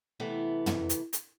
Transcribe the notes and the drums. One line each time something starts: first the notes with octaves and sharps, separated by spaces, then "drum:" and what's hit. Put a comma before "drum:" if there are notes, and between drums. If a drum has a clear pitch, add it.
C3 E3 A3 B3
drum: tom
drum: hi-hat
drum: hi-hat